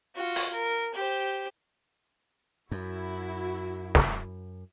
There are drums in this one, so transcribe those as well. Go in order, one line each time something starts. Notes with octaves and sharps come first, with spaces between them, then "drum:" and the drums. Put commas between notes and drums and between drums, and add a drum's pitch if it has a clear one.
F4 F#4
drum: open hi-hat
A#4
G4 C5
F#2 E4 F#4
drum: snare